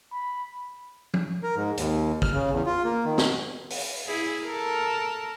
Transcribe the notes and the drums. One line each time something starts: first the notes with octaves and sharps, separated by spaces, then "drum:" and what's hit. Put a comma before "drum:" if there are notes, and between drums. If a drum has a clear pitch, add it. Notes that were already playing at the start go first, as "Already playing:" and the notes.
B5
drum: tom
A#4
G#2
D#2, drum: hi-hat
F6, drum: kick
C#3
E2
F4
A#3
D#3
drum: snare
drum: open hi-hat
E4 G#4
A4 A#4